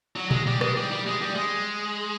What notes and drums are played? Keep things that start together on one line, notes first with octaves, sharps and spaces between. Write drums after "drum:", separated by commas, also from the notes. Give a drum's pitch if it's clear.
F#3
G#3, drum: tom A#2
G3
G#3, drum: rim click
G3
G3
G#3
G3
G#3